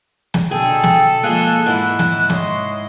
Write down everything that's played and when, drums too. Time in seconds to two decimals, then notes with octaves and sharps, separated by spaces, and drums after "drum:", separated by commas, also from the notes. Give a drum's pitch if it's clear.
0.34 drum: snare
0.51 B2 D3 G#4 A4 G5
0.84 drum: snare
1.23 F3 G#3 A#3 F4 G#4 F#6
1.66 G#2 E3 G#3 E4
1.99 drum: snare
2.30 C#5 D#5 C6, drum: snare